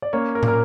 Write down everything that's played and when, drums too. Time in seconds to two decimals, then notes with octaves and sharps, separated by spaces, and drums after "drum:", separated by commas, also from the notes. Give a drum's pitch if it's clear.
0.02 D5
0.13 A#3 C#4 C#5
0.35 A#4
0.43 A#2, drum: tom
0.48 A#4